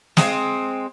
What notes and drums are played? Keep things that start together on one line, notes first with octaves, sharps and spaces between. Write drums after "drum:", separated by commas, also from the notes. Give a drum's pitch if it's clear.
G#3 C4, drum: snare